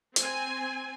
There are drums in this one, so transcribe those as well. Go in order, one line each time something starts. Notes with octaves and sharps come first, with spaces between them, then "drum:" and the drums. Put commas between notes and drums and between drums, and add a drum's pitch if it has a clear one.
C4 G#5, drum: hi-hat